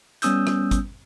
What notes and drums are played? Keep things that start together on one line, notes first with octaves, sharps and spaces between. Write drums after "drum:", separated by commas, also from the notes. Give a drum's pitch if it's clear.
G3 B3 C#4 D#6 E6 G6, drum: hi-hat
drum: rim click
drum: kick, hi-hat